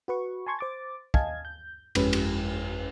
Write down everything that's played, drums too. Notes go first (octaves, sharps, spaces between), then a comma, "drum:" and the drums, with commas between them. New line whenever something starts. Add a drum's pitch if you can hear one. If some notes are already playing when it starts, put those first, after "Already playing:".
F#4 B4 C#6
G#5 A5 C6 C#6 G#6
C5 D6 A6
D#5 F5 G#5 A5 G#6, drum: kick
G6
G1 F2 G#3 C#4 B4, drum: cymbal
drum: cymbal